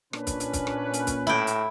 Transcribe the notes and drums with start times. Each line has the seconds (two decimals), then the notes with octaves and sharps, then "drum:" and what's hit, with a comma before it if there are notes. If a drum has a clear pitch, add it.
0.13 A#2 C#4 D4 B4, drum: rim click
0.27 drum: kick, hi-hat
0.40 drum: hi-hat
0.53 drum: kick, hi-hat
0.67 drum: rim click
0.93 drum: hi-hat
1.07 drum: kick, hi-hat
1.27 A2 E4 G5
1.47 drum: hi-hat